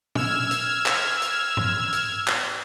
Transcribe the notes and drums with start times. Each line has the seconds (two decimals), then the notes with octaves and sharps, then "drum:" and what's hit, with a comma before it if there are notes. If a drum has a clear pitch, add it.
0.15 E6 F6 G#6, drum: tom
0.51 drum: hi-hat
0.86 drum: clap
1.22 drum: hi-hat
1.57 drum: tom
1.92 drum: hi-hat
2.28 drum: clap